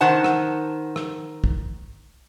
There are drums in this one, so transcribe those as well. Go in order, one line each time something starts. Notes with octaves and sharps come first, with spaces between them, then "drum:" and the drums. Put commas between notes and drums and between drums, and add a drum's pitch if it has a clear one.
D#3 C5 F#5 A5
drum: rim click
drum: rim click
drum: kick